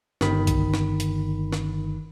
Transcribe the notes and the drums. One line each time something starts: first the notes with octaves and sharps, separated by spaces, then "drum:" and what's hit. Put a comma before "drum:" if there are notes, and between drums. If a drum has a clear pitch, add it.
G1 D#3 B5, drum: snare
drum: kick B1, hi-hat
drum: snare
drum: hi-hat
drum: snare